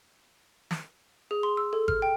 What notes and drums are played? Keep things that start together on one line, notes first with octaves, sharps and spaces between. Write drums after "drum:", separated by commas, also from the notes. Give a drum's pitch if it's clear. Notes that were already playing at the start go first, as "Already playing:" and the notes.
drum: snare
G#4
C6
E6
A4
F6, drum: kick G#1
G5